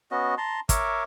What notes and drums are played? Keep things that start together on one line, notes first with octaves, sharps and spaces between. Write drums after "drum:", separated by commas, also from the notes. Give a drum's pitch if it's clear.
B3 C#4 F#4 D#5
A5 A#5 C6
A#4 C#5 E5 D6, drum: kick, hi-hat